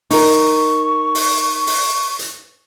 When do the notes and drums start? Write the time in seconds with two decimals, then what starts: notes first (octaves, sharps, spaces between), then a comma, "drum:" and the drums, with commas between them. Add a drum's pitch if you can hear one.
0.11 D#4 A#4 C#6, drum: open hi-hat
1.15 drum: open hi-hat
1.67 drum: open hi-hat
2.19 drum: hi-hat